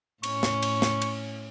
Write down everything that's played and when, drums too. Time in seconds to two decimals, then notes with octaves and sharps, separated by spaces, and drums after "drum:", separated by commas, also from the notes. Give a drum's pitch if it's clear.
0.23 A2 C#4 C#6, drum: cymbal
0.43 drum: snare
0.62 drum: cymbal
0.82 drum: snare
1.02 drum: cymbal